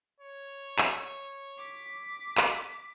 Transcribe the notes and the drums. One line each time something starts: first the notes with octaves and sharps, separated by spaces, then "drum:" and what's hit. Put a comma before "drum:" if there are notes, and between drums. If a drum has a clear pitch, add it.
C#5
drum: clap
D6 B6
drum: clap